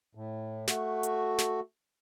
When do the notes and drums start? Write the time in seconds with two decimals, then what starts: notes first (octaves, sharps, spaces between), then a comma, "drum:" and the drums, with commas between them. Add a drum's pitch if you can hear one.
0.15 A2
0.68 A3 F#4, drum: snare
1.03 drum: hi-hat
1.39 drum: snare